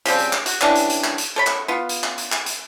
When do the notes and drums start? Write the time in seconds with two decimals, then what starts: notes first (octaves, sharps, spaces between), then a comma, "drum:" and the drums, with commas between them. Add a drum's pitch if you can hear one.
0.06 C#3 F3 G3 C4, drum: hi-hat
0.18 drum: hi-hat
0.33 drum: clap
0.46 F#4, drum: hi-hat
0.61 E3 G3 C#4 D4, drum: clap
0.75 drum: hi-hat
0.90 drum: hi-hat
1.04 drum: clap
1.18 drum: hi-hat
1.36 A4 C#5 B5
1.47 drum: clap
1.68 B3 F4
1.89 drum: hi-hat
2.04 drum: clap
2.18 drum: hi-hat
2.32 drum: clap
2.46 drum: hi-hat